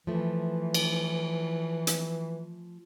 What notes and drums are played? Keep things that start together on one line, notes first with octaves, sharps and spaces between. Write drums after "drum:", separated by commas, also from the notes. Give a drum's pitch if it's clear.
E3 F3 A3
drum: cymbal
drum: hi-hat